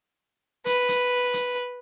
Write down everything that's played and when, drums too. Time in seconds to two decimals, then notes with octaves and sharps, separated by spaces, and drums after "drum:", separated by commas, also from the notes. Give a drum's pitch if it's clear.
0.66 B4, drum: hi-hat
0.88 drum: hi-hat
1.34 drum: hi-hat